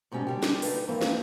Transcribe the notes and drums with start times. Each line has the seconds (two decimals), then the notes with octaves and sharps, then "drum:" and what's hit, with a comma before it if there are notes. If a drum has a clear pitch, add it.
0.12 G#2 B2 G3 C#4 A4
0.27 D3 G3 G4
0.43 drum: snare
0.62 D#4 F4 A4 B4, drum: open hi-hat
0.88 F2 G#2 E3 A#3 C4
1.01 drum: snare